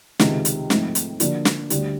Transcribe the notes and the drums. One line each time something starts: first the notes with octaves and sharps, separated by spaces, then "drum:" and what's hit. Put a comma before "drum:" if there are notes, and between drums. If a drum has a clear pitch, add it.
C#2 C3 D#3 G#3 C4, drum: snare
drum: hi-hat
G#2 F3 A3 C4 D#4, drum: snare
drum: hi-hat
D3 F3 A#3 D4 F#4, drum: hi-hat
drum: snare
D2 D3 G3, drum: hi-hat